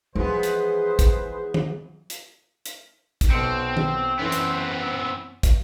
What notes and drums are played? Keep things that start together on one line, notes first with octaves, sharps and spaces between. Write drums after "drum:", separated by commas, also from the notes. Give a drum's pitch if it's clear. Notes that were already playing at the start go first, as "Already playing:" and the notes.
E3 F3 G#3 B3 G#4 B4 C5
drum: hi-hat
drum: kick, hi-hat
drum: tom
drum: hi-hat
drum: hi-hat
drum: kick, hi-hat
B1 B3 C4 C#7
drum: tom
F#2 E3 B3 C4
drum: hi-hat
drum: kick, hi-hat